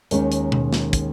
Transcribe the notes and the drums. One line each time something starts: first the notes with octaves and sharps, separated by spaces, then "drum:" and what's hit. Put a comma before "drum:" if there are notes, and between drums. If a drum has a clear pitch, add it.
D#2 D#3 G#3 C#4, drum: hi-hat
drum: hi-hat
drum: tom B2
drum: snare
drum: kick, hi-hat